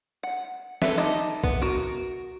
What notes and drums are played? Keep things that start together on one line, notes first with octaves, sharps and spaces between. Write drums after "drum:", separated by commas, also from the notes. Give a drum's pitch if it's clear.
F#5
A4 B4 E5, drum: snare
G3 D#4 D#5 A5
B3, drum: kick B1
F#4 A#4